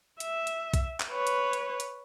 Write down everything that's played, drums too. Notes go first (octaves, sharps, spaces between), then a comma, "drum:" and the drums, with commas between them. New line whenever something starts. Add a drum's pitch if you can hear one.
E5, drum: hi-hat
drum: hi-hat
drum: kick, hi-hat
drum: clap
B4 C#5
drum: hi-hat
drum: hi-hat
drum: hi-hat